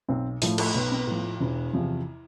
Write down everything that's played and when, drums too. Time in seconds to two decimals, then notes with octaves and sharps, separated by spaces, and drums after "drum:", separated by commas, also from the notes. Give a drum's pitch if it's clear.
0.08 B1 C4
0.42 A2 F3 A3, drum: open hi-hat
0.58 A3, drum: cymbal
0.74 B1 B3
0.91 C4
0.97 B3
1.07 A2 F3
1.18 F4
1.35 F4
1.40 E1 E4
1.73 E2 C3 F3